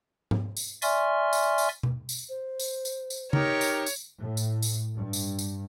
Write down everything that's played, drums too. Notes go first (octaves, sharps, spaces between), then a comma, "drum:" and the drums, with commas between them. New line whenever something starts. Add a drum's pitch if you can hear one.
drum: tom G#2
drum: tambourine
D5 E5 G#5 C6 C#6 F6, drum: tambourine
drum: tambourine
drum: tambourine
drum: tom B2
drum: tambourine
C5
drum: tambourine
drum: tambourine
drum: tambourine
D#4 G4 A#4 C#5, drum: tom C#3
drum: tambourine
drum: tambourine
A2
drum: tambourine
drum: tambourine
G2
drum: tambourine
drum: tambourine